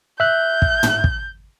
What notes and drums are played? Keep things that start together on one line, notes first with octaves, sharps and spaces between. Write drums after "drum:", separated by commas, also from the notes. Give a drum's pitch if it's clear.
E5 F#6 G6
drum: kick
drum: tom
drum: kick